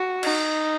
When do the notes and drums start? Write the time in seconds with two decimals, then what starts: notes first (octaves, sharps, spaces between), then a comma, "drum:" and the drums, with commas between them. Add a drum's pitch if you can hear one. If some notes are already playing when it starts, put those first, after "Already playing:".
Already playing: F#4
0.23 D#4, drum: cymbal